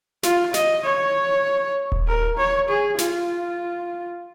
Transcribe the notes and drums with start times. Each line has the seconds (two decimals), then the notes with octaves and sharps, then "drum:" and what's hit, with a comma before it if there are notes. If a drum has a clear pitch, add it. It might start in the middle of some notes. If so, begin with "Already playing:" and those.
0.23 F4, drum: snare
0.54 D#5, drum: snare
0.85 C#5
1.92 drum: kick D#1
2.07 A#4
2.38 C#5
2.69 G#4
2.98 F4, drum: snare